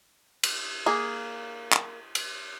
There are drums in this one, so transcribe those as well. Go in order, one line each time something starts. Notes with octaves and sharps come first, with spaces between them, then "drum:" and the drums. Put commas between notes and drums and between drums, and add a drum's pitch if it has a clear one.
drum: cymbal
A#3 G#4
drum: clap
drum: cymbal